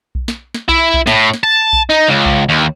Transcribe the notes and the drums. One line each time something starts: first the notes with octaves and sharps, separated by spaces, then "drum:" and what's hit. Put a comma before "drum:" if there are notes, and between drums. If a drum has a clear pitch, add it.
drum: kick B1
drum: snare
drum: snare
E4, drum: kick B1
drum: kick B1
A2, drum: snare
drum: snare
A5
drum: kick B1
D#4
C#2
drum: kick B1
D#2